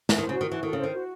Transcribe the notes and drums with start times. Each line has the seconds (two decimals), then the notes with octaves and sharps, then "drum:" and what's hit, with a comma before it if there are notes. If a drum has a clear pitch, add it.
0.09 E3, drum: snare
0.18 D#3 C5
0.29 C#3
0.33 F#4
0.41 D#3
0.48 E3 F#4
0.63 D#3 A4
0.73 C#3
0.79 D#3 C5
0.94 F#4